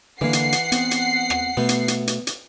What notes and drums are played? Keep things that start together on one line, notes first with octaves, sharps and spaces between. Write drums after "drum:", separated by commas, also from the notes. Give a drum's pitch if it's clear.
D3 E3 A#3 F#5 C7
drum: hi-hat
drum: hi-hat
B3 C4, drum: hi-hat
drum: hi-hat
drum: rim click
B2 A3 B3
drum: hi-hat
drum: hi-hat
drum: hi-hat
drum: hi-hat